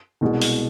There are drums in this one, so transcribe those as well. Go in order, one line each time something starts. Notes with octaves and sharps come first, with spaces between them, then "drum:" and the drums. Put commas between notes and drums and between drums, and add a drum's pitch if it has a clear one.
C2 B2 G#3
drum: open hi-hat